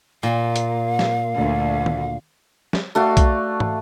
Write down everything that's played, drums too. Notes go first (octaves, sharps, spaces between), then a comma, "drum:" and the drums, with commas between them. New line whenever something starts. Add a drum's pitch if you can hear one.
A#2 F5
drum: hi-hat
drum: snare
D2
drum: tom D#3
drum: snare
A3 F#4 D5 F5
drum: kick B1, hi-hat
drum: tom